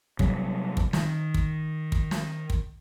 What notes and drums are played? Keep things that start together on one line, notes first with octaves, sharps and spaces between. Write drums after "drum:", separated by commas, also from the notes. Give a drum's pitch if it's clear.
C3 F#3 G3, drum: kick
drum: kick
D#3, drum: snare
drum: kick
drum: kick
drum: snare
drum: kick